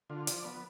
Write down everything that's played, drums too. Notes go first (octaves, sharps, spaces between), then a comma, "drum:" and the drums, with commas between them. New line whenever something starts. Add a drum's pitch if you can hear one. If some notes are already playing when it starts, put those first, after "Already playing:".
D3 F4
F3 D5, drum: hi-hat
B3